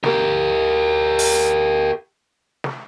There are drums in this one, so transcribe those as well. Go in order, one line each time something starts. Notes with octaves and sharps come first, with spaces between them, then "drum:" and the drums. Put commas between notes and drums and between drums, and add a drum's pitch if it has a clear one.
G4 A#4, drum: snare
drum: open hi-hat
drum: snare